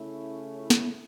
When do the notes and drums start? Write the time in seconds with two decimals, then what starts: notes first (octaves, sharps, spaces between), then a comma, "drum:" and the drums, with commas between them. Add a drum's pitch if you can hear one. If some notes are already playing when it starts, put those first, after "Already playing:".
Already playing: C#3 A3 C#4 E4
0.61 E4
0.70 drum: snare